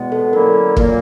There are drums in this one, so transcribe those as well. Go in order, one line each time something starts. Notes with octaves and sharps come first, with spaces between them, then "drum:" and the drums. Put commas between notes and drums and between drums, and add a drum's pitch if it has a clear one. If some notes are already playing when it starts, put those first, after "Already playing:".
Already playing: E2 B2 G#3 B3
A4
D3 F#3 A#3 C#4 E4 A#4
A#2 F#3 A#3, drum: kick